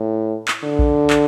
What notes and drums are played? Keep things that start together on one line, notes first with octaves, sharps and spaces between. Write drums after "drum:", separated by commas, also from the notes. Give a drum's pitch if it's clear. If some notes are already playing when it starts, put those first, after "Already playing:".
Already playing: A2
drum: clap
D3
drum: kick A#1
drum: clap